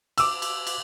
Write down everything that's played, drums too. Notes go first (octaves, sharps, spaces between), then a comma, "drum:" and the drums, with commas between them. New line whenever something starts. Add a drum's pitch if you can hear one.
D6 E6, drum: cymbal
drum: cymbal
drum: cymbal